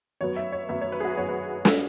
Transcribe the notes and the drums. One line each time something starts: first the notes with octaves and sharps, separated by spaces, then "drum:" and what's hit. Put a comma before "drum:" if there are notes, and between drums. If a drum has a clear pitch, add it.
F#2 F#3 B3 C#5
E5
C#5
F#2 F#3 B3 E5
C#5
B4
G#4
F#4
F#2 F#3 B3 C#5
B4
drum: snare